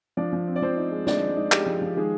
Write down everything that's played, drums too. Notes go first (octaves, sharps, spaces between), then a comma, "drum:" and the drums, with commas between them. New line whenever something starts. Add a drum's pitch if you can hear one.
F3 D4 D5
F3
C4
D5
F3 C4 C5
D#4
G#3
D4 D#4 D5, drum: snare
G#3
D#4
G#3 G4, drum: clap
F3
F3
D#3 G#3 G#4